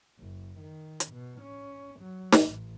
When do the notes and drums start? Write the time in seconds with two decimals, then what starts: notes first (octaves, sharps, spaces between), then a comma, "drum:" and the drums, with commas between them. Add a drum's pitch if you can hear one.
0.18 F#1
0.59 D#3
1.00 drum: hi-hat
1.12 B2
1.42 C#4
2.00 F#3
2.32 drum: snare
2.45 A1